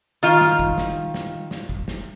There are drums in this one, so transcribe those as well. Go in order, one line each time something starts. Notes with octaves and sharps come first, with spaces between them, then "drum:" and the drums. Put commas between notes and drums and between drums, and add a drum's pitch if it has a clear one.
D#3 F4 F5
drum: snare
drum: kick
drum: snare
drum: snare
drum: snare
drum: kick
drum: snare